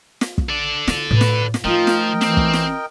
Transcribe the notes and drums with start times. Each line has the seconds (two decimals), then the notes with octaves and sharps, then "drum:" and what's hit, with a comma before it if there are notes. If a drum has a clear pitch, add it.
0.21 drum: snare
0.38 drum: kick
0.49 A4 D5
0.88 E4, drum: snare
1.11 A2 B4
1.21 drum: snare
1.54 drum: snare
1.64 F3 A3 D#4 F4 A#4 D#5 G5
1.87 drum: snare
2.21 E3 C4, drum: snare
2.37 drum: kick
2.53 drum: snare